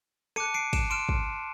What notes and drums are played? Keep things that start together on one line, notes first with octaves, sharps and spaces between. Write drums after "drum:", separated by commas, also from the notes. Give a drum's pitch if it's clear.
A5 D6 F#6 C#7 D#7, drum: rim click
C7 D7
D7 E7, drum: kick, cymbal
C6 F6 D7 E7
drum: kick